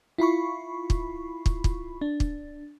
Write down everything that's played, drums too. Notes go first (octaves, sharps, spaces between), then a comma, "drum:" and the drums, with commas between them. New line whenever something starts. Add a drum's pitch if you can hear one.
E4 F4 B5 C#6
drum: kick
drum: kick
drum: kick
D4
drum: kick